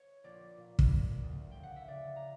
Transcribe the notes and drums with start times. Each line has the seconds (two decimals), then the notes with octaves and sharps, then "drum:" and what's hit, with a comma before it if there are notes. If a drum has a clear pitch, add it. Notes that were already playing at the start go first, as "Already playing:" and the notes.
Already playing: C#5
0.24 A#1 D5
0.57 A#2
0.79 drum: kick
0.90 A#1
1.22 D2
1.51 C#3 G5
1.63 F#5
1.76 E5
1.88 C#3 D5
2.16 A#5